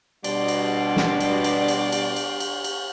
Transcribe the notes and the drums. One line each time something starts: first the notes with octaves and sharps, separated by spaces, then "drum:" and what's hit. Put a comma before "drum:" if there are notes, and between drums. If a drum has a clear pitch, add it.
B2 G3 D4 D5 C6, drum: cymbal
drum: cymbal
drum: snare
drum: cymbal
drum: cymbal
drum: cymbal
drum: cymbal
drum: cymbal
drum: cymbal
drum: cymbal